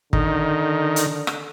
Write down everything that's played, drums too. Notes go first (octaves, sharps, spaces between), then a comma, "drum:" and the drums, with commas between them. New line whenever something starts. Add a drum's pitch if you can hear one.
D3 D#3, drum: kick
drum: hi-hat
drum: rim click